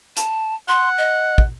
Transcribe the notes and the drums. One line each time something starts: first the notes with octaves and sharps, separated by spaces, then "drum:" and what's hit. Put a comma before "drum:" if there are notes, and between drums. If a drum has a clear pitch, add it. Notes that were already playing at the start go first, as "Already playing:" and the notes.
A5, drum: hi-hat
F#5 C6
D#5
drum: kick